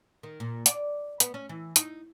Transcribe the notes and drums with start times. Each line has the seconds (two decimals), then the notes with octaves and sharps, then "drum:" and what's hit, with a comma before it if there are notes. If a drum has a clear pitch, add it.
0.23 D#3
0.40 A#2
0.66 D5, drum: hi-hat
1.20 B3, drum: hi-hat
1.34 C#4
1.49 E3
1.76 D#4, drum: hi-hat